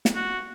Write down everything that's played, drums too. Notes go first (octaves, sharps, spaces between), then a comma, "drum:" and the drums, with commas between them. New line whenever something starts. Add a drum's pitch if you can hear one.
drum: snare
F#4